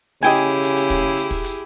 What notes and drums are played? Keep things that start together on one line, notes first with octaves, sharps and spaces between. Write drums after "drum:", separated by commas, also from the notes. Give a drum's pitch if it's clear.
C#3 E4 G4 G#4 D#5 G5 G#5, drum: hi-hat
drum: hi-hat
drum: hi-hat
drum: hi-hat
drum: kick, hi-hat
drum: hi-hat
drum: kick, open hi-hat
drum: hi-hat